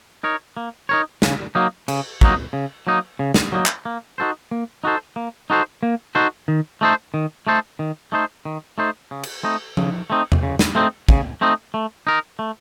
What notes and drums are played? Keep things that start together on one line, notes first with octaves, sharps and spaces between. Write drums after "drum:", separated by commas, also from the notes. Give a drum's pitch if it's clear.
D#4 A#4 C#5
A#3
D#4 A#4 C#5
C#3, drum: snare
F#3 A#3 D#4
C#3, drum: cymbal
F#3 A#3 D#4, drum: kick
C#3
F#3 A#3 D#4
C#3
drum: snare
F#3 A#3 D#4
drum: clap
A#3
D#4 F#4 A4 C5
A#3
D#4 F#4 A4 C5
A#3
D#4 F#4 A4 C5
A#3
D#4 F#4 A4 C5
D#3
A3 D#4 A4 C5
D#3
A3 D#4 A4 C5
D#3
A3 D#4 A4 C5
D#3
A3 D#4 A4 C5
C#3
drum: cymbal
A3 C4 D#4
C#3, drum: tom F3
A3 C4 D#4
drum: tom E2
C#3
drum: snare
A3 C4 D#4
C#3, drum: kick
A3 C4 D#4
A3
D#4 A#4
A3